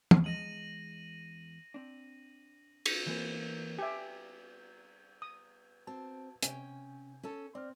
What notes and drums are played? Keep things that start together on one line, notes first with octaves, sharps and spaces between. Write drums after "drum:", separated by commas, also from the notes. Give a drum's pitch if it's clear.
drum: tom
E2 G#3 D#5 A#6 D#7 F#7
C4 D4
drum: cymbal
E3 A#3 C4
G4 E5 G#5
D#6
C4 F#4 A5
C3 C#4 G5 G#5, drum: hi-hat
C#4 A4 A5
C4 D5 F6